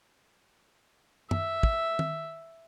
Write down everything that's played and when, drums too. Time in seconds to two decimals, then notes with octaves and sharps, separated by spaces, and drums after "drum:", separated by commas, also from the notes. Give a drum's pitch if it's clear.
1.31 E5, drum: tom
1.63 drum: kick
1.99 drum: tom D#3